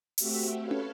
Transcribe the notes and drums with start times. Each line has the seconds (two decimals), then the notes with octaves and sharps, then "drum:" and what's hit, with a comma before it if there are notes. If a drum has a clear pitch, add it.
0.18 A3 C4 F#4 G4 E5, drum: open hi-hat
0.60 A4 B4 C#5 F5
0.71 drum: tom